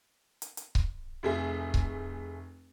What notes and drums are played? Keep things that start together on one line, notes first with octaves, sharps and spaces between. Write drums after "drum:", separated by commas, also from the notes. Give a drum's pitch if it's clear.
drum: hi-hat
drum: hi-hat
drum: kick C#1
F1 A3 G#4 E5
drum: kick C#1